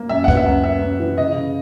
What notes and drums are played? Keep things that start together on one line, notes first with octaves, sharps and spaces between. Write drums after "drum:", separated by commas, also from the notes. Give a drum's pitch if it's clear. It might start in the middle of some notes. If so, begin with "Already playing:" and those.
Already playing: A#3
F#2 E5
F#5
B3, drum: kick C#2
E5
F#2
B3 E5
F#2
E3
C#3 D#5
C#3